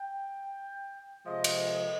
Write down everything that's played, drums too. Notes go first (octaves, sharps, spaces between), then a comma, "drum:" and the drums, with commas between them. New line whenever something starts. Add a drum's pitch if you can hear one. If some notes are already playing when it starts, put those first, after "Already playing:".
Already playing: G5
C3 F3 G#3 D#5
drum: cymbal